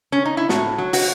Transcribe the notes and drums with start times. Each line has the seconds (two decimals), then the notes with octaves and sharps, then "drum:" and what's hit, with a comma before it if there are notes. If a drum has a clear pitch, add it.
0.12 C#4
0.25 D#4
0.37 E4
0.49 A2 F#4, drum: snare
0.78 F#3
0.93 F#4, drum: open hi-hat